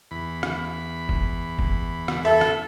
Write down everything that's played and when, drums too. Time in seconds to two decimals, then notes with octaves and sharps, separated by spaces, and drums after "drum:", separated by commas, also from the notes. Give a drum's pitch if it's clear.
0.11 E2 B5
0.43 drum: rim click
1.09 drum: kick
1.59 drum: kick
2.08 drum: rim click
2.25 A4 E5
2.41 drum: rim click